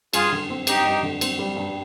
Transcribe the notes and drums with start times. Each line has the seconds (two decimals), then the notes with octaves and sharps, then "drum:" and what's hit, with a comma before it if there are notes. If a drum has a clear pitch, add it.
0.13 G2 F4 G#4, drum: cymbal
0.32 D3
0.50 C4
0.67 G3 D#4 G4, drum: cymbal
0.85 G2
1.03 D3
1.21 C4, drum: cymbal
1.39 G3
1.57 G2